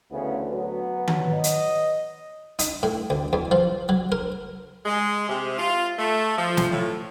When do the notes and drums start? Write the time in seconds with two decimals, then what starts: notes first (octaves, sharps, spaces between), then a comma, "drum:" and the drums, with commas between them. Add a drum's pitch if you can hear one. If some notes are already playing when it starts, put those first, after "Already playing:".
0.11 D2 C#3 E3 B3
0.50 F#3 B3
0.98 B4
1.08 drum: tom D#3
1.34 D#5
1.44 drum: hi-hat
2.59 D#4, drum: hi-hat
2.83 A2
3.10 D2
3.33 E2
3.51 F3
3.89 F#3
4.12 A#4
4.86 G#3
5.29 C3
5.58 F4
5.98 A3
6.38 F3
6.57 drum: snare
6.72 A2